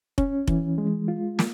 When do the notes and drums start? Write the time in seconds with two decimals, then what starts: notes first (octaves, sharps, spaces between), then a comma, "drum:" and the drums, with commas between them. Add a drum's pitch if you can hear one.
0.18 C#4, drum: kick F1
0.47 E3, drum: kick F1
0.78 G#3
1.08 F4
1.39 A#3, drum: snare